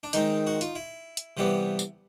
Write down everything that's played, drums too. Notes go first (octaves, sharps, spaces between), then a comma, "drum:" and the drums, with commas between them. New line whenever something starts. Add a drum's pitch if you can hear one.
D4
D#3 G#3 C4 D#4, drum: hi-hat
F#4
F4, drum: hi-hat
E4
drum: hi-hat
C3 E3 G3 B3
drum: tambourine